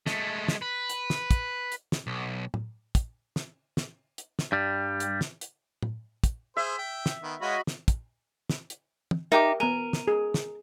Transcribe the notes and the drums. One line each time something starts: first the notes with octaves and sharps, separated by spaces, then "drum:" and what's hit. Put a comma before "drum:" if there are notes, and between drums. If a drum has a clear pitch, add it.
G#3 A3, drum: snare
drum: snare
B4
drum: hi-hat
drum: snare
drum: kick, hi-hat
drum: hi-hat
drum: snare
B1
drum: tom
drum: kick, hi-hat
drum: snare
drum: snare
drum: hi-hat
drum: snare
G2 G3
drum: hi-hat
drum: snare
drum: hi-hat
drum: tom
drum: kick, hi-hat
G#4 C5 E5
G5
drum: snare
D#3 B3
G#3 F#4 C#5 D#5 F5 B5
drum: snare
drum: kick, hi-hat
drum: snare
drum: hi-hat
drum: tom
D#4 G4 A#4 E5 G5 D6
B3 A#4 G#5 D#7
drum: snare
G#4
drum: snare